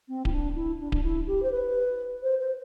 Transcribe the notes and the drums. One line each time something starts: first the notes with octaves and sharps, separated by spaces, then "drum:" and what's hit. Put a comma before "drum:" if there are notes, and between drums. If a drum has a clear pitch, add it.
C4
E4, drum: kick D1
D4
E4
D4
D4, drum: kick D1
E4
G4
C5
B4
C5
C5